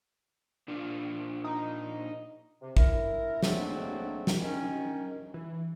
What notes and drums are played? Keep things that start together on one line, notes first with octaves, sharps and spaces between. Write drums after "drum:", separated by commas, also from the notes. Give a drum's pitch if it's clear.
A#2 D4 F4
D#4
C3
E4 A#4, drum: kick
G#2 D3 F#3 A3 A#3 C4, drum: snare
drum: snare
D#3 C#4
E3